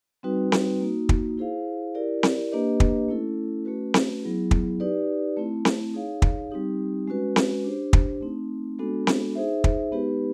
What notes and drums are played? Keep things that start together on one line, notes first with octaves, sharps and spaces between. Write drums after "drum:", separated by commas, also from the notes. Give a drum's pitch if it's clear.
G3 C4 D#4 F#4 B4
drum: snare C4
A#3 D#4 F#4
drum: kick
E4 G#4 C5 F5
E4 G4 A#4 D5
drum: snare C4
A#3 D4 G4 B4 D#5
drum: kick
A3 C#4 E4 A4
A3 C#4 F#4 B4
drum: snare C4
F#3 B3 E4 G#4
drum: kick
D#4 G4 B4 D5
A3 C4 E4
drum: snare C4
D#4 G#4 C#5 F5
drum: kick
G3 C4 D#4 G4
G#3 C#4 F#4 B4
drum: snare C4
D4 G4 C5
drum: kick
A3 C4 D#4
G#3 B3 D4 F#4 A4
drum: snare C4
D#4 G#4 C5 E5
drum: kick
G#3 B3 D#4 G4 B4